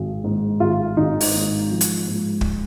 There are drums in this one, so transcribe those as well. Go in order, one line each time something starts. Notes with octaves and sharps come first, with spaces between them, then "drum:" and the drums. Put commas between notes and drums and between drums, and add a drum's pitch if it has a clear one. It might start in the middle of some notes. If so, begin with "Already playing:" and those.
Already playing: G#1
G#2
G#1 F4
G#1 D#4
drum: open hi-hat
G#2
F3
drum: hi-hat
G#2
drum: kick